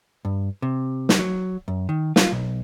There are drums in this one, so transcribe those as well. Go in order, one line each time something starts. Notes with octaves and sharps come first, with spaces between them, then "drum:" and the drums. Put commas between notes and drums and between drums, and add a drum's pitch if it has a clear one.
G2
C3
drum: snare
F#3
F#2
D#3
F4, drum: snare
B1